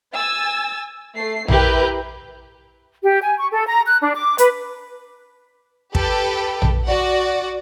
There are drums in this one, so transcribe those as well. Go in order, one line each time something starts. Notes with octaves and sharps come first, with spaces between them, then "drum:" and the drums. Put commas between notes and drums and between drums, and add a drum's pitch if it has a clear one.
G#5 E6 A6
A3 C7
E4 G4 A#4 B4 B5 G6, drum: tom A#1
G4
G#5
C#6
A4
A#5
F#6
D4
D6
B4, drum: hi-hat
G4 A4 B4 G5, drum: kick
drum: tom A#1
F#4 D5 F#5